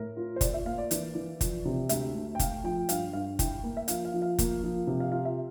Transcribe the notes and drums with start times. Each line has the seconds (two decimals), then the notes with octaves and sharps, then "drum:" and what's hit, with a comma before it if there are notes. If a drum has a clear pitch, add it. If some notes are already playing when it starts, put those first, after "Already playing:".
Already playing: A2 A#4
0.16 F4
0.36 C5
0.41 F4 D5, drum: kick F#1, hi-hat
0.54 E5
0.65 A#3 F5
0.78 D5
0.91 E3, drum: hi-hat
1.15 E3
1.41 F3, drum: kick F#1, hi-hat
1.65 C3
1.89 D2 E5, drum: hi-hat
2.14 A3
2.35 G5
2.39 A3 F5, drum: kick F#1, hi-hat
2.64 F3 G5
2.89 G2 F5, drum: hi-hat
3.13 G2 F5
3.39 E4 G5, drum: kick F#1, hi-hat
3.63 A#3
3.77 E5
3.88 F3 F5, drum: hi-hat
4.05 F5
4.14 F3
4.22 F5
4.39 A#3, drum: kick F#1, hi-hat
4.63 F3
4.87 C3
5.00 F5
5.12 F4 F5
5.25 E5